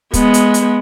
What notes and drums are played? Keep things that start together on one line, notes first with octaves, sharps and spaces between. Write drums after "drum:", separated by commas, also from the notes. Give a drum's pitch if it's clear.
G#3 B3, drum: kick, hi-hat
drum: hi-hat
drum: hi-hat